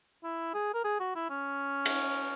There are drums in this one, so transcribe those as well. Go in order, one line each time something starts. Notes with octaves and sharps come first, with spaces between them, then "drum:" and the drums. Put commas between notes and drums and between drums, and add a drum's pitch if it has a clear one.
E4
G#4
A#4
G#4
F#4
E4
C#4
drum: cymbal